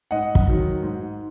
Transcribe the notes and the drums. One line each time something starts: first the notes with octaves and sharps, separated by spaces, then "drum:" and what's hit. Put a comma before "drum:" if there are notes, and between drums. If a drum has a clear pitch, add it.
G#2 D#5 F#5
drum: kick
D#3 F#3
G#2